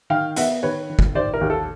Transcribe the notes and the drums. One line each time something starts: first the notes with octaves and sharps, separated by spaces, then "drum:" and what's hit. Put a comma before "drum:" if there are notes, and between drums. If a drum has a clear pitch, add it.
D#3 F5 G5
B3 E5 F#5, drum: hi-hat
D#3 B4 C#5
D#3
drum: kick
D#3 C5 D5
A#4
D#2
A4